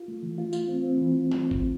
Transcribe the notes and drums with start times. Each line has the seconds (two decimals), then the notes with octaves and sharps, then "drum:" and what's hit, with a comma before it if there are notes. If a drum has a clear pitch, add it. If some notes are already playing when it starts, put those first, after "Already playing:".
Already playing: F4
0.08 A3
0.23 E3
0.38 F4
0.53 F4, drum: tambourine
0.67 C4
0.82 C4
0.97 E3
1.32 drum: snare
1.51 drum: kick G1